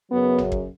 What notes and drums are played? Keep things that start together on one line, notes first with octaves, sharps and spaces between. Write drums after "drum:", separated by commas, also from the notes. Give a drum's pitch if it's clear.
F#2 C#3 F#3 B3
drum: tom
drum: kick